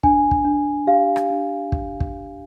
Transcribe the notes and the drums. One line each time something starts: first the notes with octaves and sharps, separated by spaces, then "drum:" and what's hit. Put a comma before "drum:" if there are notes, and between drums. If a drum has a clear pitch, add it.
D4 G#5, drum: kick
drum: kick
D4
G4 F5
drum: rim click
D4
drum: kick
drum: kick